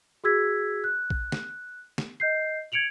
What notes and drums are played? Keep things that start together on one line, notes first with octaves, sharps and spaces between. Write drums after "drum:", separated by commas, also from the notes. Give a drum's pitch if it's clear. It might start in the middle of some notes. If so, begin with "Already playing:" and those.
F#4 G#4 E6 G#6 B6
F#6
drum: kick A#1
drum: snare
drum: snare
D#5 G6 C7
G#6 C#7 D7 F7 F#7